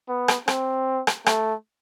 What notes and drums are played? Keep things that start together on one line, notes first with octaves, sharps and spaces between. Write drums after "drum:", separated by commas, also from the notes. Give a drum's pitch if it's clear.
B3
drum: rim click
C4, drum: rim click
drum: rim click
A3, drum: rim click